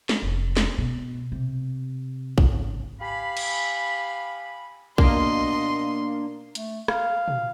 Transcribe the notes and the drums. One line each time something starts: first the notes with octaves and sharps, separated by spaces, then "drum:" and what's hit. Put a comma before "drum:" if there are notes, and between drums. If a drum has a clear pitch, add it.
drum: snare
F1
drum: snare
B2
C3
G#1 C#3, drum: kick A#1
G4 F5 G#5 B5
drum: cymbal
B2 A#3 D4 D#5 C6, drum: kick A#1
A3, drum: hi-hat
F5, drum: rim click
drum: tom